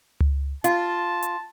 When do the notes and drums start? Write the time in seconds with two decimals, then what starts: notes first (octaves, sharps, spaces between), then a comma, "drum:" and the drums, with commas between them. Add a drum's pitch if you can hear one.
0.20 drum: tom C#2
0.64 F4 A5, drum: hi-hat
1.23 drum: hi-hat